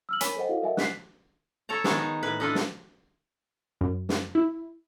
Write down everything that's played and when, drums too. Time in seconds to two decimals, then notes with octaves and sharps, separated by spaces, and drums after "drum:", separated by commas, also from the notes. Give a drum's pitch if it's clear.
0.09 E6 F6 F#7
0.21 A#4 C#5 G#5 B5 B6 D#7, drum: hi-hat
0.36 A4 C5 D#5 F#5 G5
0.49 E4 F#4 A4 F5
0.62 A#4 C#5 D#5 E5 F#5 G#5
0.77 F#6 B6 C7, drum: snare
1.69 A4 C#5 A5 A#5
1.84 D#3 G#3 B3 C#5 A5, drum: snare
1.99 D#4
2.23 A2 B4
2.40 D4 F4 A4 B4 D#5
2.55 drum: snare
3.81 F#2
4.09 drum: snare
4.35 E4